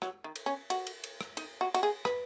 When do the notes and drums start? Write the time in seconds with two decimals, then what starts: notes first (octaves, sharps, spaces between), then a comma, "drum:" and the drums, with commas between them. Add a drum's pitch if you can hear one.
0.02 F#3, drum: rim click
0.24 D#3
0.35 drum: cymbal
0.46 C#4
0.70 F#4, drum: cymbal
0.87 drum: cymbal
1.04 drum: cymbal
1.21 drum: rim click
1.37 D#4, drum: cymbal
1.61 F#4
1.74 F#4, drum: cymbal
1.83 G#4
2.05 B4, drum: rim click